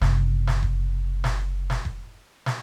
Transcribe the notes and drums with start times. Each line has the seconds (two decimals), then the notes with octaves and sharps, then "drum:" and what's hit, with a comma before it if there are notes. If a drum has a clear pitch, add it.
0.01 F#1 C3, drum: snare
0.47 drum: snare
0.63 drum: kick F1
1.24 drum: snare
1.70 drum: snare
1.85 drum: kick F1
2.46 drum: snare